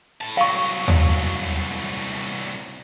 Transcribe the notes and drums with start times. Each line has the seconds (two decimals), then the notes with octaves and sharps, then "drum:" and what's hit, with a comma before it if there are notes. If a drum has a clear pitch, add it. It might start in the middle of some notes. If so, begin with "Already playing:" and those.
0.21 A2 A5
0.37 C2 F#3 F5 C#6
0.88 drum: tom D#2